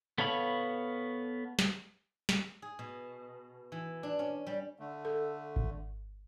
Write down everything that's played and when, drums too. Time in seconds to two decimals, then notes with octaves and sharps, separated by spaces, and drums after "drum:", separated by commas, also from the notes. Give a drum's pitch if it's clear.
0.18 B3 A4 C#5 F5 B5
1.59 drum: snare
2.29 drum: snare
2.62 G#4
2.79 B2
3.72 E3
4.03 D4
4.19 C#4
4.47 G3
4.79 D3 A3
5.05 A4
5.56 drum: kick G#1